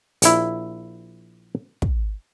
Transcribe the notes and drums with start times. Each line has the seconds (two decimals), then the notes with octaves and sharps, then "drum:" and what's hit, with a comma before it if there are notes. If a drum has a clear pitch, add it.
0.22 A#1 E4, drum: hi-hat
1.82 drum: kick